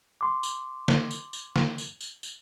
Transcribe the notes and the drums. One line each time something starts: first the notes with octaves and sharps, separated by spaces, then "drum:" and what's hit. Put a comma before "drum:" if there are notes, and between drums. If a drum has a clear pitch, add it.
C6 D6
drum: tambourine
drum: snare
drum: tambourine
drum: tambourine
drum: snare
drum: tambourine
drum: tambourine
drum: tambourine